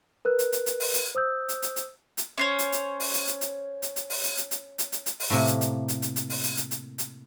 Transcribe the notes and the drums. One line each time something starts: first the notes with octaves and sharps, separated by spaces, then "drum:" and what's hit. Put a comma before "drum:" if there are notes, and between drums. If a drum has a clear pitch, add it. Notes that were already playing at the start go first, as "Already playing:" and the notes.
A#4 B4 F#6
drum: hi-hat
drum: hi-hat
drum: hi-hat
drum: open hi-hat
drum: hi-hat
C5 D#6 E6 G6
drum: hi-hat
drum: hi-hat
drum: hi-hat
drum: hi-hat
C#4 C5 C#5
drum: hi-hat
drum: hi-hat
drum: open hi-hat
drum: hi-hat
drum: hi-hat
drum: hi-hat
drum: hi-hat
drum: hi-hat
drum: open hi-hat
drum: hi-hat
drum: hi-hat
drum: hi-hat
drum: hi-hat
drum: hi-hat
drum: hi-hat
drum: open hi-hat
A2 C3 A#3
drum: hi-hat
drum: hi-hat
drum: hi-hat
drum: hi-hat
drum: hi-hat
drum: open hi-hat
drum: hi-hat
drum: hi-hat
drum: hi-hat
drum: hi-hat